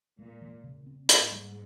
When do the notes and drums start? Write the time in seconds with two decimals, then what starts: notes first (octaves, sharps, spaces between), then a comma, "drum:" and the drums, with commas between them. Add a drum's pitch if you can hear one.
0.19 A#2 G#3
0.41 E3
0.64 C#3
0.86 C4
1.09 G#2 A#3, drum: hi-hat
1.31 G3